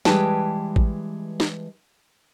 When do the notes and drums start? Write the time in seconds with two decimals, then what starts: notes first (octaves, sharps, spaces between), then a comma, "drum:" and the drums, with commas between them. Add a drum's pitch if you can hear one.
0.05 E3 G3 G#3 B4 G5 A5, drum: snare
0.76 drum: kick A1
1.40 drum: snare